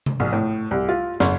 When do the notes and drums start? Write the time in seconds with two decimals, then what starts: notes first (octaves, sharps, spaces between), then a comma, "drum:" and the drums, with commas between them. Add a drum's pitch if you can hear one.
0.06 drum: tom C3
0.20 A#1
0.33 A2
0.71 C2
0.89 F4
1.20 F#1, drum: snare